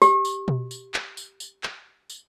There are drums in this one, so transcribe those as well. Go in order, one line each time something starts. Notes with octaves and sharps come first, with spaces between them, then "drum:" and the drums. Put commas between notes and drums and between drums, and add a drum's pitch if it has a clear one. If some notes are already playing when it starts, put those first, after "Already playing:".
G4, drum: tambourine
drum: tambourine
drum: tom B2
drum: tambourine
drum: clap
drum: tambourine
drum: tambourine
drum: clap
drum: tambourine